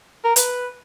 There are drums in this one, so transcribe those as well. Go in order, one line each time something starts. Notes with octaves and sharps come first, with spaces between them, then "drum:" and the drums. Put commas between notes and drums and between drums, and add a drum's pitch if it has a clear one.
A#4
B4, drum: hi-hat